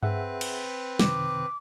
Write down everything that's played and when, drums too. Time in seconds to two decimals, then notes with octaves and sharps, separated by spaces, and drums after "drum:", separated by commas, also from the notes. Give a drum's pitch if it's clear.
0.03 C4 G#4 B4 E5 F#5, drum: tom G2
0.41 drum: cymbal
0.99 F#2 C3 D#3 D6, drum: snare